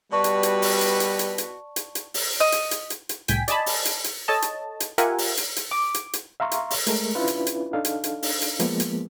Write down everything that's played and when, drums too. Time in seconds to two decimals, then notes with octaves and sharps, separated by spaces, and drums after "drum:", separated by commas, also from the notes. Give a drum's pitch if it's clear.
0.12 B2 G3 F#4 B4 D5 A5 C#6
0.24 drum: hi-hat
0.43 drum: hi-hat
0.62 drum: open hi-hat
0.81 drum: hi-hat
1.00 drum: hi-hat
1.19 drum: hi-hat
1.38 drum: hi-hat
1.76 drum: hi-hat
1.95 drum: hi-hat
2.14 drum: open hi-hat
2.40 D#5
2.52 drum: hi-hat
2.71 drum: hi-hat
2.90 drum: hi-hat
3.09 drum: hi-hat
3.28 C2 A2 G5 G#5 B6, drum: hi-hat
3.48 D5 D#5 G#5 A5 B5, drum: hi-hat
3.66 drum: open hi-hat
3.85 drum: hi-hat
4.04 drum: hi-hat
4.28 A4 C#5 D#5 A5
4.42 drum: hi-hat
4.80 drum: hi-hat
4.98 F4 G4 A#4 E5 F#5 G#5, drum: hi-hat
5.18 drum: open hi-hat
5.37 drum: hi-hat
5.56 drum: hi-hat
5.71 D6
5.94 drum: hi-hat
6.13 drum: hi-hat
6.40 E5 F5 A#5 C6 C#6
6.51 drum: hi-hat
6.70 drum: open hi-hat
6.87 G#3 A3 A#4, drum: hi-hat
7.15 C#4 D4 E4 F4 B4
7.28 drum: hi-hat
7.47 drum: hi-hat
7.73 D4 D#4 A4 F5
7.85 drum: hi-hat
8.04 drum: hi-hat
8.23 drum: open hi-hat
8.42 drum: hi-hat
8.59 F3 G#3 A#3 B3, drum: hi-hat
8.80 drum: hi-hat